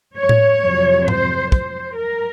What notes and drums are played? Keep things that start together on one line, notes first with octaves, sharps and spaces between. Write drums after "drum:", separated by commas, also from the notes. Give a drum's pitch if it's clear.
C#5
drum: tom A2
F2 C3 F#3
C5, drum: tom G#2
C5, drum: kick
A#4